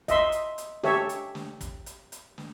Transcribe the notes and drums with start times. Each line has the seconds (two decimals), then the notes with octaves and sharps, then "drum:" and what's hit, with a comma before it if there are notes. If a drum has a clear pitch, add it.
0.08 D#5 E5 C6, drum: kick, hi-hat
0.32 drum: hi-hat
0.58 drum: hi-hat
0.83 G4 A4 C#5 E5, drum: snare
1.09 drum: hi-hat
1.35 drum: snare
1.61 drum: kick, hi-hat
1.86 drum: hi-hat
2.12 drum: hi-hat
2.38 drum: snare